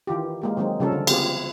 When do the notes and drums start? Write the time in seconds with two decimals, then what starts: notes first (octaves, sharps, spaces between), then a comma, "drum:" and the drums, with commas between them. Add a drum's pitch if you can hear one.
0.07 D#3 E3 F4 G4
0.42 G#3 A#3 G4
0.57 D#3 F#3 G#3 C4
0.80 C#3 F3 G3 C#4 A4 A#4
0.92 D3
1.07 B3 C4 F4 G4 G#4, drum: cymbal